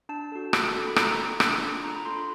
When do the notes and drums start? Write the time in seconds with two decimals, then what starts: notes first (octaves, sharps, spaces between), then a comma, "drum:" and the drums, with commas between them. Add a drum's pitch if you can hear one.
0.09 D4 A5
0.32 F#4 A4
0.53 D4, drum: rim click
0.75 F#4 A4
0.87 B5
0.96 D4 A#5, drum: rim click
1.19 F4 A4
1.40 D4, drum: rim click
1.62 F4 A4
1.84 D4 A#5
1.95 B5
2.05 F4 A4 C6
2.16 B5